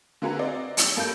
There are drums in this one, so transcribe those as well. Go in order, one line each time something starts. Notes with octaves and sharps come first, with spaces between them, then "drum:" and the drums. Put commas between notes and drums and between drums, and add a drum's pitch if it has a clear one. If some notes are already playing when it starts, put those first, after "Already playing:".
D3 A#3 F#4 G#4 B4 A#5
C4 D5 D#5
C#5 E6, drum: hi-hat
G2 A#3 A4 A5 G6 D7